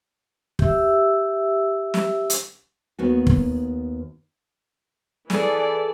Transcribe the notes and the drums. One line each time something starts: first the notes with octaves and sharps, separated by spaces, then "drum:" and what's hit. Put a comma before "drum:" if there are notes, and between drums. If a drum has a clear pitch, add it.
G4 E5 E6, drum: kick
drum: snare
drum: hi-hat
D#2 B3 F#4
drum: kick
E3 G#4 A4 D5, drum: snare